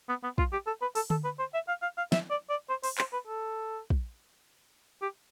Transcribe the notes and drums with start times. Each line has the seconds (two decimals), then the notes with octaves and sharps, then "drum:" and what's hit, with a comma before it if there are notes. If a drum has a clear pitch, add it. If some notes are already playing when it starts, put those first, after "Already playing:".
0.09 B3
0.23 B3
0.38 F4, drum: kick
0.52 G4
0.67 A4
0.82 B4
0.95 A4, drum: open hi-hat
1.10 A4, drum: tom D3
1.24 B4
1.39 C5
1.54 E5
1.68 F5
1.82 F5
1.97 F5
2.12 E5, drum: snare
2.30 D5
2.50 D5
2.69 C5
2.84 C5, drum: open hi-hat
2.98 C5, drum: clap
3.13 B4
3.27 A4
3.90 drum: kick
5.02 G4